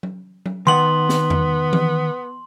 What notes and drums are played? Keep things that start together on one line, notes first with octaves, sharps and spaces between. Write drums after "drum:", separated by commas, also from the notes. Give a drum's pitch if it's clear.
drum: tom F#3
drum: tom F#3
D#3 B3 F#5 C6 F#7
drum: snare
drum: tom E2
drum: tom E3